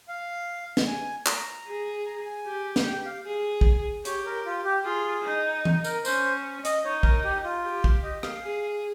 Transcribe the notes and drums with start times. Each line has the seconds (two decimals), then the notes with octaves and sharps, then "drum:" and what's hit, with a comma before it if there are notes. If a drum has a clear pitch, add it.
0.08 F5
0.77 drum: snare
0.87 G#5
1.27 A#5, drum: clap
1.67 G#4
2.06 A#5
2.26 G#5
2.47 G4
2.76 drum: snare
2.86 G5
3.06 F5
3.26 G#4
3.61 drum: kick
4.05 G4 C#5, drum: hi-hat
4.26 A#4
4.46 F4
4.65 G4
4.85 F4 G#4
5.24 D#4
5.65 drum: tom E3
5.84 A#4, drum: tambourine
6.05 C#4 C5, drum: tambourine
6.64 D#5, drum: hi-hat
6.84 D#4 C#5
7.03 A#4, drum: kick
7.24 G4
7.44 F4
7.63 G4
7.84 drum: kick
8.03 D#5
8.23 F5, drum: rim click
8.43 G#4